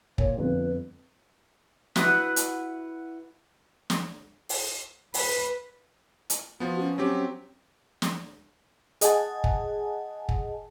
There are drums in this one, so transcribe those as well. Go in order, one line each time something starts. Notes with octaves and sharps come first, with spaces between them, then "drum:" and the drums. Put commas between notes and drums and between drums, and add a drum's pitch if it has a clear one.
A#2 C#5, drum: kick
G1 F2 B4
E4 F#4 B4 D#6, drum: snare
drum: hi-hat
drum: snare
drum: open hi-hat
B4, drum: open hi-hat
drum: hi-hat
F3 B3 F#4
C#4
F#3 C4 G4
drum: snare
G#4 D#5 F#5 G#5 A5, drum: hi-hat
drum: kick
drum: kick